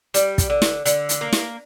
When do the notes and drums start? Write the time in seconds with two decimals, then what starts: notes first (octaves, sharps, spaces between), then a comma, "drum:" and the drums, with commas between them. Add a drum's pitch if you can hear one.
0.14 G3, drum: hi-hat
0.38 drum: kick, hi-hat
0.50 D3
0.62 drum: snare
0.86 D3, drum: hi-hat
1.09 drum: hi-hat
1.21 A#3
1.33 drum: snare